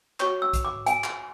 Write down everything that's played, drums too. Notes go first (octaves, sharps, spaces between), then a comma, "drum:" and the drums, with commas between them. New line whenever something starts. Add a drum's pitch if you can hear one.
F#4 C#5 C#6, drum: clap
E6
drum: kick, hi-hat
D6
G#5, drum: hi-hat
drum: clap